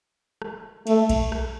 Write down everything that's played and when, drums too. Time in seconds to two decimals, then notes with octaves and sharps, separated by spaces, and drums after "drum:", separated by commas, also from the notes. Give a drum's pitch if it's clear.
0.42 drum: rim click
0.87 A3, drum: cymbal
1.09 drum: kick B1, cymbal
1.32 drum: rim click